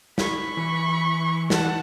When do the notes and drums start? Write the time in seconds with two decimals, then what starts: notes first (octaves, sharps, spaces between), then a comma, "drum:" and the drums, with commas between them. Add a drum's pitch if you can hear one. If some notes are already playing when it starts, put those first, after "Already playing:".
0.18 B5 C#6, drum: snare
0.57 E3
1.50 F#5 A5, drum: snare